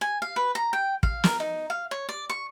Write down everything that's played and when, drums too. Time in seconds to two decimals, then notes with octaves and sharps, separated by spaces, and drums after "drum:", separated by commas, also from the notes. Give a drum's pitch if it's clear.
0.01 G#5
0.22 F5
0.36 B4
0.55 A#5
0.73 G5
1.03 F5, drum: kick
1.24 A#4, drum: snare
1.40 D#4
1.70 F5
1.91 C#5
2.09 D5
2.29 C#6